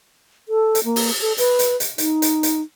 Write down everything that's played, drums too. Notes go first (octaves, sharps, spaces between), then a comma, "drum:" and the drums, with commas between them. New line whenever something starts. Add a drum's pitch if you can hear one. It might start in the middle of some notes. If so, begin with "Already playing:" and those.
A4
drum: hi-hat
A#3
drum: open hi-hat
A4
B4, drum: hi-hat
drum: hi-hat
drum: hi-hat
D#4, drum: hi-hat
drum: hi-hat
drum: hi-hat